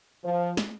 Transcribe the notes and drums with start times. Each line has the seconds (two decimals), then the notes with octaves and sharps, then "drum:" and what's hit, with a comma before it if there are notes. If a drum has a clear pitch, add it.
0.24 F3
0.57 drum: snare